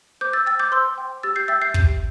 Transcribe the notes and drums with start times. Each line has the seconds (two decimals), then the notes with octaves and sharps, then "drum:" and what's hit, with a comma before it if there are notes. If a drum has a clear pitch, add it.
0.21 C5 D6 G6
0.33 E6 A6
0.46 G5 E6 A6
0.59 D6 G6
0.72 C5 C6 E6
0.98 G5
1.23 G4 E6 A6
1.36 G6 C7
1.48 E5 G5 E6 A6
1.62 G6 C7
1.74 G4, drum: kick